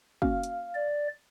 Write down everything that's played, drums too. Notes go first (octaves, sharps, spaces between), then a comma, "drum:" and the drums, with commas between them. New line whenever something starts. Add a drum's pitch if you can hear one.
A#3 C#4 F#4 F5, drum: kick
drum: hi-hat
D5